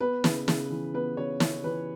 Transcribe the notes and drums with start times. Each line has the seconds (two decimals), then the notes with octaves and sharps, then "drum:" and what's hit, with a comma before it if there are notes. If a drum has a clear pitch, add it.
0.01 B3 B4
0.24 C#3, drum: snare
0.48 C#3, drum: snare
0.70 E3
0.94 B3 B4
1.17 C#3 C#5
1.40 C#3 C#5, drum: snare
1.64 E3 B4